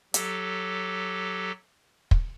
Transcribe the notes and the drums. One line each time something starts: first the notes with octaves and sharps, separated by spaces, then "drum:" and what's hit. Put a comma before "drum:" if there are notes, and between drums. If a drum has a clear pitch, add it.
F#3 G4 A4, drum: hi-hat
drum: kick